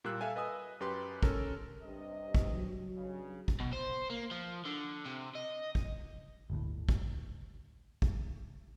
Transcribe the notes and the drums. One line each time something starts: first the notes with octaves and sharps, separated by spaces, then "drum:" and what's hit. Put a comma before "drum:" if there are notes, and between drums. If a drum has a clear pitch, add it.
A#2 G3 A#3 E6 F#6
A4 E5 F5 G#5
B4 D#5 G#5 D#6 E6
F#2 G4 B4 C6
C#4 A4 A#4, drum: kick A1
G2 C3 D#5
drum: kick A1
F#3
G2 C#3
drum: kick A1
B2
C5
A#3
F3
D3
C3
D#5
drum: kick A1
G1 D2 A2
drum: kick A1
drum: kick A1